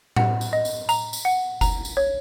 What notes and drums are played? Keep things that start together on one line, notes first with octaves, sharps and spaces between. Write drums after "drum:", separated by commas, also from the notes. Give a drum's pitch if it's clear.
F#5, drum: tom A2
drum: tambourine
D#5
drum: tambourine
A#5, drum: tambourine
drum: tambourine
F#5
A#5, drum: kick F#1, tambourine
drum: tambourine
C#5